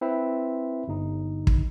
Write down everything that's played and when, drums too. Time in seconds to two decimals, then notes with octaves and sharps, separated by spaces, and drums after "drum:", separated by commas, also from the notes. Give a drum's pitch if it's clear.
0.01 C4 E4 B4 E5
0.88 G1 D#4
1.47 drum: kick